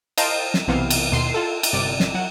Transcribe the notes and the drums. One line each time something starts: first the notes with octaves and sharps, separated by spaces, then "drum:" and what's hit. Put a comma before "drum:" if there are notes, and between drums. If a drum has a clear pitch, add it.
C5 D#5 F5 G5 A5 A#5, drum: cymbal
drum: snare
B1 C3 E3 B3 C4 F5
drum: cymbal
D#2 B2 C6 C7
F4 A4
drum: cymbal
G1 C3 D5
drum: snare
F#3 F#5